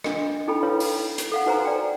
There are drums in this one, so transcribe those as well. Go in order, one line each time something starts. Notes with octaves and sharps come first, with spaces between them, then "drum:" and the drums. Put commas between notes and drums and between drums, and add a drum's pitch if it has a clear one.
D4 D#5, drum: rim click
D#4 E4 A4 G5 B5
E4 A#4 B4 C#5 F5
drum: open hi-hat
drum: hi-hat
A4 F5 F#5
D#4 F#4 B4 C5 G#5 A#5
D5 G5